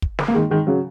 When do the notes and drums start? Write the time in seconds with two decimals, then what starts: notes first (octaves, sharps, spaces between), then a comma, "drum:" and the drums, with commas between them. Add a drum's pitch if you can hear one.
0.02 drum: kick
0.19 drum: snare
0.28 A#3
0.34 D#3 G#3
0.51 D#3 G#3
0.67 C#3 F#3